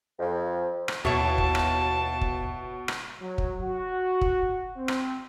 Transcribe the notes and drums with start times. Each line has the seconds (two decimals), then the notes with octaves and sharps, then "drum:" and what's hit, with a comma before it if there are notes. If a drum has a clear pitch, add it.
0.19 F2
0.88 drum: rim click
1.05 D#2 B2 E4 C#5 A5
1.38 drum: kick
1.55 drum: rim click
2.21 drum: kick
2.88 drum: rim click
3.21 F#3
3.38 drum: kick
3.62 F#4
4.21 drum: kick
4.77 C4
4.88 drum: rim click